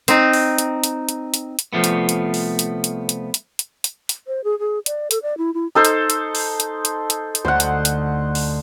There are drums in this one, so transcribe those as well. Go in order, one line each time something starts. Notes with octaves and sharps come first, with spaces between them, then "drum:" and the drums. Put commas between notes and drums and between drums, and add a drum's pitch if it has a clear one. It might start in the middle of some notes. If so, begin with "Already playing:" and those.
C4 D#4, drum: hi-hat
drum: open hi-hat
drum: hi-hat
drum: hi-hat
drum: hi-hat
drum: hi-hat
drum: hi-hat
C2 F3 A3 B3
drum: hi-hat
drum: hi-hat
drum: open hi-hat
drum: hi-hat
drum: hi-hat
drum: hi-hat
drum: hi-hat
drum: hi-hat
drum: hi-hat
drum: hi-hat
C5
G#4
G#4
D5, drum: hi-hat
A4, drum: hi-hat
D5
E4
E4
D#4 A4 C5
drum: hi-hat
drum: hi-hat
drum: open hi-hat
drum: hi-hat
drum: hi-hat
drum: hi-hat
drum: hi-hat
D2 C5 F#5
drum: hi-hat
drum: hi-hat
drum: open hi-hat